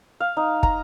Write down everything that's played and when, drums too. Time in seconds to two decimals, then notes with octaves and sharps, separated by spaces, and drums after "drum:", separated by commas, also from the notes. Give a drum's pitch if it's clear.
0.20 F5
0.37 D#4
0.63 A#5, drum: kick